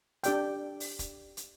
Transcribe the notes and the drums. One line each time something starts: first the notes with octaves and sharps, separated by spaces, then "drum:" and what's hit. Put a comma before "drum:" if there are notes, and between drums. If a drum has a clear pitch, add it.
D4 G4 D5 G5, drum: hi-hat
drum: open hi-hat
drum: kick E1, hi-hat
drum: hi-hat